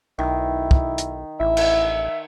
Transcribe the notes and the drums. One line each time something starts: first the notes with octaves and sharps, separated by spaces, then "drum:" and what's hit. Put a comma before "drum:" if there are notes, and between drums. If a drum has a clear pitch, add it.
B1 D#3 E4
drum: kick
drum: hi-hat
A1 E4 E5
drum: cymbal